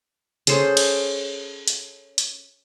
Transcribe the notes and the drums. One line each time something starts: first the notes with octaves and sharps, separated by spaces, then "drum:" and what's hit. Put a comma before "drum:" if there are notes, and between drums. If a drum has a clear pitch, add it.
C#4 G#4 A4 C5, drum: hi-hat
drum: cymbal
drum: hi-hat
drum: hi-hat